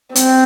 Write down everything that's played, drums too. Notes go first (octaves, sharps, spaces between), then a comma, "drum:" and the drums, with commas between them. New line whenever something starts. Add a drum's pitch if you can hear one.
C4, drum: hi-hat